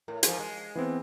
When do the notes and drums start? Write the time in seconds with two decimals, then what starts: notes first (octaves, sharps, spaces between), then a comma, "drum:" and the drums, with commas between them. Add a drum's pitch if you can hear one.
0.08 A2 A#4
0.23 G#2 F3, drum: hi-hat
0.39 G#3
0.75 E3 B3 C4